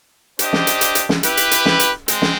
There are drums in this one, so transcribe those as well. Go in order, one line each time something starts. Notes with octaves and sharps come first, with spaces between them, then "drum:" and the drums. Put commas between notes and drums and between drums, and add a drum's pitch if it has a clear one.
D4 G4 C5 D#5, drum: hi-hat
drum: snare
drum: hi-hat
drum: hi-hat
drum: hi-hat
drum: snare
E4 G4 B4, drum: hi-hat
drum: hi-hat
drum: hi-hat
drum: snare
drum: hi-hat
G#3 C4, drum: hi-hat
drum: snare